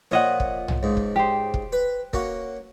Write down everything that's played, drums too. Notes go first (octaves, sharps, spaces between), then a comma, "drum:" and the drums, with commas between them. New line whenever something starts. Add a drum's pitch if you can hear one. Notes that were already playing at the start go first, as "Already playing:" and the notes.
A#2 F3 C#5 D#5 F#5
drum: kick
drum: tom
C#2 G#2
drum: kick
G4 C5
drum: kick
B4
A#3 C#4 F#4, drum: kick